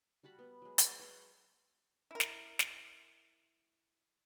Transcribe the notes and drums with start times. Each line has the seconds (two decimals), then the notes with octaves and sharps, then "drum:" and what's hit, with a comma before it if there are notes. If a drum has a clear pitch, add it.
0.23 G3 F#4 A5 B5
0.39 B3
0.62 F#3 G#3
0.78 drum: hi-hat
0.99 B4 C6 C#6
2.11 E4 A#4
2.20 drum: snare
2.59 drum: snare